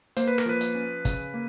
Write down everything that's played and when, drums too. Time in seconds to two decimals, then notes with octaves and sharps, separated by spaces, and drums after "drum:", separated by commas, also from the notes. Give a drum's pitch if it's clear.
0.17 A#3 C5, drum: hi-hat
0.28 B4
0.38 A#4, drum: rim click
0.46 F3 B4
0.61 drum: hi-hat
0.75 C#4
1.05 C#3, drum: kick, hi-hat
1.34 A#3